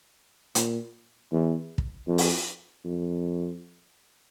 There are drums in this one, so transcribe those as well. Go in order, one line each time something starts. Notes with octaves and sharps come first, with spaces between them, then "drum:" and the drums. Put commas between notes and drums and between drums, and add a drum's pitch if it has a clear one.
A#2, drum: hi-hat
E2
drum: kick
F2
drum: open hi-hat
F2